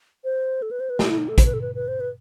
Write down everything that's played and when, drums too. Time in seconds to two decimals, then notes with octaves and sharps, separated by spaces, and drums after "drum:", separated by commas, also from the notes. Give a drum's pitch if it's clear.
0.24 C5
0.62 A4
0.71 B4
0.80 C5
0.90 B4
0.99 G4, drum: snare
1.09 E4
1.18 D#4
1.28 A4
1.38 C5, drum: kick, hi-hat
1.45 B4
1.54 A4
1.62 B4
1.75 B4
1.88 C5
2.00 B4